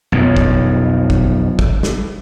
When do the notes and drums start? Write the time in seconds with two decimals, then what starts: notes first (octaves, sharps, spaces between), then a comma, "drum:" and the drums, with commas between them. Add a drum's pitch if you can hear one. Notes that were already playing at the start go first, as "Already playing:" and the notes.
0.12 B1 F2
0.37 drum: kick
1.10 drum: kick
1.59 drum: kick
1.83 drum: snare